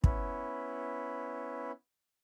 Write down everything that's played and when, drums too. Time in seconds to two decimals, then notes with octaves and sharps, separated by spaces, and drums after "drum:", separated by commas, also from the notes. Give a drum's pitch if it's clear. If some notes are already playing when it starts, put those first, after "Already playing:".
0.04 B3 C#4 E4, drum: kick